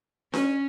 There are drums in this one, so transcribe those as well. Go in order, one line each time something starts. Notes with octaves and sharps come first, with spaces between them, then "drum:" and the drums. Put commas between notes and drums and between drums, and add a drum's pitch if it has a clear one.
C#4, drum: snare D4